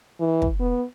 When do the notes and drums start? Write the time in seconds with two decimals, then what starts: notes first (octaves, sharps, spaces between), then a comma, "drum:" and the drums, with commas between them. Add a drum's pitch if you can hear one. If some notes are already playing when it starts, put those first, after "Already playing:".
0.20 E3
0.42 drum: kick
0.60 B3